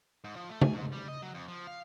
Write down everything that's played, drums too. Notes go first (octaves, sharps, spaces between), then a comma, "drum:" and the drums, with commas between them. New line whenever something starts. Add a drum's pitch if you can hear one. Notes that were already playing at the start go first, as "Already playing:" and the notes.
G#2
F3
A3
G#5, drum: tom C#3
G#2
G3
D#5
F#3
F2
F3
F5